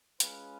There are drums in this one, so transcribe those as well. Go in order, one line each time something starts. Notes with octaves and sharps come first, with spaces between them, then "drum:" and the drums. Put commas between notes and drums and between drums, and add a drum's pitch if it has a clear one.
G#3 C#4 F4 G#4 B4, drum: hi-hat